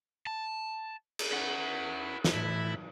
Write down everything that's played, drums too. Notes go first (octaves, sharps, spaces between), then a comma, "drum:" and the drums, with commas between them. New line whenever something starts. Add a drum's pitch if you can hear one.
A5
drum: cymbal
C#4 E4 F#5
drum: snare
A2 E3 E4 B5